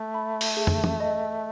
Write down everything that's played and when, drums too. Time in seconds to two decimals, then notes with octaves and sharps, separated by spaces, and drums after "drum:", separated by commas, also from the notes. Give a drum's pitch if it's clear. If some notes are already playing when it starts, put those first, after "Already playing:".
Already playing: A3 E5
0.14 B5
0.41 drum: open hi-hat
0.57 G#4
0.67 drum: tom
0.84 drum: tom
1.00 D#5